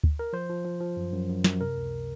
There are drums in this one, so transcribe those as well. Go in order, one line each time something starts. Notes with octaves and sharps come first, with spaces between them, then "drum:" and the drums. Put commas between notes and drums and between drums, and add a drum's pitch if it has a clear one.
drum: kick D2
A#4
F3 C5
F3
F3
F3
F#2
F#2
F#2
F#2, drum: snare
C3 A#4
C#2